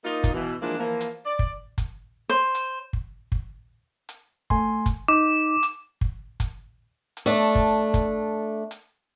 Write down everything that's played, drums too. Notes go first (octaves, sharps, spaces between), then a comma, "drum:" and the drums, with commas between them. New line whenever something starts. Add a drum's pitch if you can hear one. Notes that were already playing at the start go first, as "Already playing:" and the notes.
A#3 D#4 F4
drum: kick, hi-hat
B2 E3
E3 F3 G#3 A#3 D4 E4
E3 F3 A#3
drum: hi-hat
D5
drum: kick
drum: kick, hi-hat
C5
drum: hi-hat
drum: kick
drum: kick
drum: hi-hat
A3 G#5 C6, drum: kick
drum: kick, hi-hat
D#4 D6
drum: hi-hat
drum: kick
drum: kick, hi-hat
drum: hi-hat
A3 D4
drum: kick
drum: kick, hi-hat
drum: hi-hat